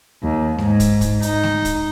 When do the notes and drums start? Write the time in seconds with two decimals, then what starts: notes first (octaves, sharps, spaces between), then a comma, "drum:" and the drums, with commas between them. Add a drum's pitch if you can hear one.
0.23 D#2
0.58 G#2, drum: snare A3
0.80 drum: kick, hi-hat
1.01 drum: kick, hi-hat
1.22 D#4, drum: hi-hat
1.43 drum: snare A3
1.65 drum: kick, hi-hat